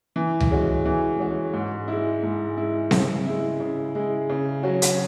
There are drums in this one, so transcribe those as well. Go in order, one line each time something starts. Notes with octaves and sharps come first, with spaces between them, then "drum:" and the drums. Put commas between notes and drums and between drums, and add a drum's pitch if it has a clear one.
E3
drum: tom C#2
G#3 C#4 F#4
E3
G#3 C#4 F#4
G#2
G#3 E4
G#2
G#3 E4
C#3, drum: snare C4
G#3 E4
C#3
G#3 E4
C#3
F#3 C#4 F#4
drum: hi-hat